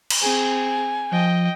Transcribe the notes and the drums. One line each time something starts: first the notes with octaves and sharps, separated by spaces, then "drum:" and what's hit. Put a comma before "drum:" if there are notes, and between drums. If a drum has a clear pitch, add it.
drum: cymbal
C4 G#4 G#5
F3 D#5 G5